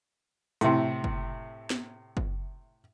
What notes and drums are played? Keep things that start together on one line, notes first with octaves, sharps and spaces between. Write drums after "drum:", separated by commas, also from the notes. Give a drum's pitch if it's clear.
A2 C3, drum: hi-hat
drum: kick F#1
drum: snare
drum: kick F#1